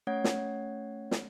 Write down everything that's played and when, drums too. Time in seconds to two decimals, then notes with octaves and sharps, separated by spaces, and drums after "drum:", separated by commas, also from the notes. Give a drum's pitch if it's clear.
0.07 A3 C#4 C#5 F#5 G#6
0.24 drum: snare
1.11 drum: snare